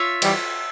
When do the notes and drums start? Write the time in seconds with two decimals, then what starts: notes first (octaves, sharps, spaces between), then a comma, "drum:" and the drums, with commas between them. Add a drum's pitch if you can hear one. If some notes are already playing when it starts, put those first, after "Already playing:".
Already playing: F4 C#5 E5
0.22 E3 G3, drum: cymbal